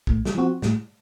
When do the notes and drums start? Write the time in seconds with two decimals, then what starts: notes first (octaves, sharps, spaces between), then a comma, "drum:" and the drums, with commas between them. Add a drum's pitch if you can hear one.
0.07 A2, drum: kick
0.25 drum: snare
0.35 F3 C4 F#4
0.62 A2, drum: snare